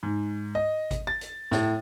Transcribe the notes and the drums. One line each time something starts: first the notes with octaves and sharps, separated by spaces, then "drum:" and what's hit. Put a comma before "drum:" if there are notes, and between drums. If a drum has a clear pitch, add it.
G#2
D#5
drum: kick G#1, hi-hat
A6
drum: hi-hat
A2, drum: snare